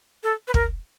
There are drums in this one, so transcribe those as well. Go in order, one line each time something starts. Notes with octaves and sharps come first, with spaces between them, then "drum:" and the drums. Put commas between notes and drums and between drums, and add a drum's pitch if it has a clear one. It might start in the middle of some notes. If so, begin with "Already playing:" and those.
A4
B4
A#4, drum: kick